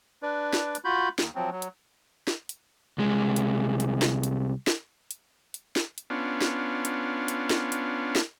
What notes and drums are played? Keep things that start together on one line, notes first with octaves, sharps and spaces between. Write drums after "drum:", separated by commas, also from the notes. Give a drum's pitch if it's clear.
D4 B4 D5
drum: snare
drum: hi-hat
F4 F#4 B5 G6
D#2, drum: snare
F3 F#3 C4
F#3
drum: hi-hat
drum: snare
drum: hi-hat
C2 G#3
drum: hi-hat
drum: hi-hat
drum: snare
drum: hi-hat
drum: snare
drum: hi-hat
drum: hi-hat
drum: snare
drum: hi-hat
B3 C#4 D4 F4
drum: snare
drum: hi-hat
drum: hi-hat
drum: snare
drum: hi-hat
drum: snare